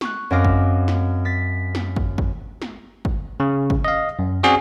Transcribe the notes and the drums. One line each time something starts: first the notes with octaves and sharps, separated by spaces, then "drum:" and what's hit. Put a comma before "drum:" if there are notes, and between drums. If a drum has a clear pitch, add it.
C#6 F#6, drum: snare
F#2 C4 D#5 F5 D6 A#6
drum: kick
drum: snare
A6 B6
drum: snare
drum: kick
drum: kick
drum: snare
drum: kick
C#3
drum: kick
D#5 F5
F#2
C4 C#4 F#4 G#4 C#5 D5